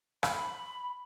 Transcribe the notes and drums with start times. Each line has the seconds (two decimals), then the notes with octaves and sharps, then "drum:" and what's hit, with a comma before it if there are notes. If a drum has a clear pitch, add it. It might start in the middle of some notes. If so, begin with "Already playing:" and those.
0.23 B5, drum: rim click